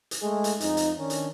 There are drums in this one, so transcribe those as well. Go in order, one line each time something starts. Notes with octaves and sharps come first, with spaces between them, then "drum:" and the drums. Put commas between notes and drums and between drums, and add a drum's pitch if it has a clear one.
drum: hi-hat
G#3 A3 G#4
drum: hi-hat
F2 D#4, drum: hi-hat
drum: hi-hat
D#3 C#4 D4
drum: hi-hat